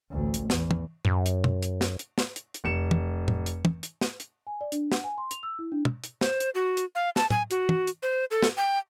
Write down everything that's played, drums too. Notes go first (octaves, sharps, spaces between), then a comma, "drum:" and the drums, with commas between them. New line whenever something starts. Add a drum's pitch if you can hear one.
A1 D2
drum: hi-hat
E2, drum: snare
drum: tom
F#2, drum: tom
drum: hi-hat
drum: tom
drum: hi-hat
drum: snare
drum: hi-hat
drum: snare
drum: hi-hat
drum: hi-hat
F1 C#7 E7
drum: tom
drum: tom
drum: hi-hat
drum: tom
drum: hi-hat
drum: snare
drum: hi-hat
G#5
D5
D4, drum: hi-hat
F#5, drum: snare
G#5
C6
F7, drum: hi-hat
E6
E4
D4
drum: tom
drum: hi-hat
C5, drum: snare
drum: hi-hat
F#4
drum: hi-hat
F5
A5, drum: snare
G#5, drum: tom
F#4, drum: hi-hat
drum: tom
drum: hi-hat
C5
A4
drum: snare
G5